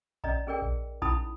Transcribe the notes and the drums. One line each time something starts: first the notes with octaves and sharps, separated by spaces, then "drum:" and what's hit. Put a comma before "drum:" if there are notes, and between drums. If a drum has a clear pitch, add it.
C#4 D5 D#5 A#5, drum: kick A#1
C#4 G#4 A#4 D5 G5
drum: kick A#1
C#4 D#4 E4 A5 B5 D#6, drum: kick A#1